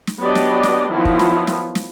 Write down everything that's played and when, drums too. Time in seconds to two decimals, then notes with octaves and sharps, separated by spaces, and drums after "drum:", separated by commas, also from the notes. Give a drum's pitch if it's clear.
0.07 drum: snare
0.20 F#3 B3 D4 G4 D5 D#5
0.35 drum: snare
0.63 drum: snare
0.91 D#3 F3 F#3 B3 E4 F4
1.05 drum: kick
1.19 drum: snare
1.47 drum: snare
1.75 drum: snare